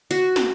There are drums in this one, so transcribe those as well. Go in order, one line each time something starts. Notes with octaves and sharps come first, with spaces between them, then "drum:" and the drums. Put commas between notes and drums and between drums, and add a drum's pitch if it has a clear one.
F#4, drum: hi-hat
drum: snare